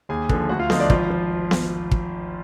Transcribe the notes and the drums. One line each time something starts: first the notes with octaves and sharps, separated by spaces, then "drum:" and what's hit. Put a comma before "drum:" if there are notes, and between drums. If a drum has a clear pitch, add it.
D#2 G#4 G#5
D3 F3, drum: kick
D2 F#4 F#5
F4 F5
D3 F3 D#4 D#5, drum: snare B3
D4 D5
G#1 F3 F4, drum: kick
F3
drum: snare B3
drum: kick